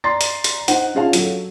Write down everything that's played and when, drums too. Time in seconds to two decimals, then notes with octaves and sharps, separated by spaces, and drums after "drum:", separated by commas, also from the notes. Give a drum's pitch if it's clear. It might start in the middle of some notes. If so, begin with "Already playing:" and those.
0.04 D5 A#5 C6 A6 C7
0.21 drum: hi-hat
0.44 drum: hi-hat
0.68 D#4 C5 F#5, drum: hi-hat
0.95 C#4 F4 G#4 C#5 F5 A5
1.13 F#3 A4, drum: hi-hat